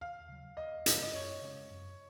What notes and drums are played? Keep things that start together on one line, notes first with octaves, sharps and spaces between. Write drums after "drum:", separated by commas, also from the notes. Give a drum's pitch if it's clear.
D#2 F5
C#3 F#3
D#2 D#5
C#3 F#3, drum: hi-hat
D#5
F#2 C#5
C#3 G#3 C#4
F#2